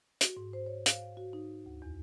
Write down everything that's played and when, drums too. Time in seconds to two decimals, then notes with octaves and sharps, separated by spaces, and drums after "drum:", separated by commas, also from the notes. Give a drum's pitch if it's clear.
0.21 F#4, drum: hi-hat
0.37 G#2
0.53 C5
0.66 C#5
0.86 F5, drum: hi-hat
1.17 F#4
1.33 D#4
1.66 D2
1.82 E2